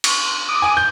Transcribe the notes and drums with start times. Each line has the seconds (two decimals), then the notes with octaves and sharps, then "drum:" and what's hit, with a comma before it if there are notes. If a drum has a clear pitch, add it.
0.04 drum: cymbal
0.49 D6 D#6
0.62 G#5
0.77 G6